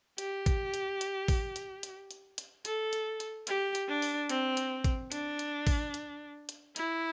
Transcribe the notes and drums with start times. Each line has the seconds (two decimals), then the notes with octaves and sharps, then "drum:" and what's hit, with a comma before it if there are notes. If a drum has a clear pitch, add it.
0.18 G4, drum: hi-hat
0.46 drum: kick A1, hi-hat
0.74 drum: hi-hat
1.01 drum: hi-hat
1.28 drum: kick A1, open hi-hat
1.56 drum: hi-hat
1.83 drum: hi-hat
2.11 drum: hi-hat
2.38 drum: hi-hat
2.65 A4, drum: hi-hat
2.93 drum: hi-hat
3.20 drum: hi-hat
3.47 G4, drum: hi-hat
3.75 drum: hi-hat
3.88 D4
4.02 drum: open hi-hat
4.29 C4, drum: hi-hat
4.57 drum: hi-hat
4.84 drum: kick A1, hi-hat
5.12 D4, drum: hi-hat
5.39 drum: hi-hat
5.67 drum: kick A1, open hi-hat
5.94 drum: hi-hat
6.49 drum: hi-hat
6.76 E4, drum: hi-hat